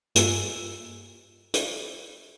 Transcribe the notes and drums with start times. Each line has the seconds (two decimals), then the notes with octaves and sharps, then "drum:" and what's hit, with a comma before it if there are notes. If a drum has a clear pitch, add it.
0.15 G2 A#3 F4 G4 G#5 E6, drum: hi-hat
1.54 drum: hi-hat